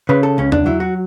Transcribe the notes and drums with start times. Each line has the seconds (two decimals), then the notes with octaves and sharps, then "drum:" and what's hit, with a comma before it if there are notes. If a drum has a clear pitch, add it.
0.09 C#3 B4
0.23 A4
0.38 C#2 C#4
0.52 D4, drum: tom E2
0.66 F#3 E4
0.80 F#4